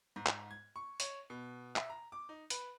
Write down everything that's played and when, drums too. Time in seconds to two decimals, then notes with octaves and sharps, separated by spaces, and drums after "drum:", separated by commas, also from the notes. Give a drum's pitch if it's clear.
0.16 G#2
0.26 drum: clap
0.51 G#6
0.76 C#6
1.00 C#5, drum: hi-hat
1.30 B2
1.76 E5, drum: clap
1.90 A#5
2.12 D6
2.29 D#4
2.50 B4, drum: hi-hat